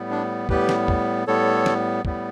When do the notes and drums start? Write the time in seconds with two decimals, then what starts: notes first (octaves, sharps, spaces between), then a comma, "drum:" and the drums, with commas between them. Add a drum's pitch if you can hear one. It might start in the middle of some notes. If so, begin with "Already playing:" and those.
Already playing: A2 G3 B3
0.11 D4
0.49 A2 G3 B3 G4 B4, drum: kick
0.69 drum: snare
0.88 drum: kick
1.27 A2 G3 B3 A4 C#5
1.66 drum: snare
2.05 A2 G3 B3, drum: kick